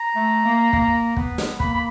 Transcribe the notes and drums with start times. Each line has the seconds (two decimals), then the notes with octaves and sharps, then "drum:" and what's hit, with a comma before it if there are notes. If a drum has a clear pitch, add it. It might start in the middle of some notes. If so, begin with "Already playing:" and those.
Already playing: A#5
0.16 A3
0.45 A#3
0.73 A#3, drum: kick
1.17 B3, drum: kick
1.38 drum: snare
1.60 A#3 B5, drum: kick
1.74 B5